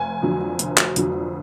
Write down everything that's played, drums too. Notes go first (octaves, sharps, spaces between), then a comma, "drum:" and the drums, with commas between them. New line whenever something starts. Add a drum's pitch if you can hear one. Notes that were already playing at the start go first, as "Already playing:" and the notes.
Already playing: F1 G#5
F2 D3 F#3
F1, drum: hi-hat
drum: clap
F2 D3 F#3, drum: hi-hat